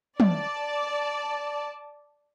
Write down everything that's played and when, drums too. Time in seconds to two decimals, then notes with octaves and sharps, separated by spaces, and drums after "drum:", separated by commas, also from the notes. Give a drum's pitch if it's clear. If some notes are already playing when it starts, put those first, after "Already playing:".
0.20 D5 A5, drum: tom